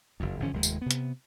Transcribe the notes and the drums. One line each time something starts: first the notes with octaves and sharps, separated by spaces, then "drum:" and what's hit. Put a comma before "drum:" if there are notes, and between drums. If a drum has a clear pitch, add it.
F#1 F2
G#1 D3 F3 C#4
F1 D#2 G#3
drum: tambourine
C3 B3
drum: hi-hat